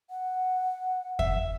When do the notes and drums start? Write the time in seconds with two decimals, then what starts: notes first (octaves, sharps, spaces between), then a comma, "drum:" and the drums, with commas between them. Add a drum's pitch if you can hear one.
0.10 F#5
1.19 E5, drum: kick E2